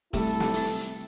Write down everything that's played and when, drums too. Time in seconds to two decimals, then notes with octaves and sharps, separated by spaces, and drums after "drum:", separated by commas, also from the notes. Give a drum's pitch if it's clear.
0.13 C3 G3 A3 E4 A4, drum: kick, hi-hat
0.27 drum: hi-hat
0.40 drum: snare
0.54 drum: open hi-hat
0.67 drum: hi-hat
0.80 drum: hi-hat